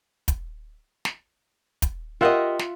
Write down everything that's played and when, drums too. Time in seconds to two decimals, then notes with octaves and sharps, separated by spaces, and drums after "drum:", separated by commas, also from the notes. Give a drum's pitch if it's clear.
0.28 drum: kick, hi-hat
1.05 drum: snare
1.82 drum: kick, hi-hat
2.21 F4 G4 A#4 D#5 E5 F#5
2.59 drum: snare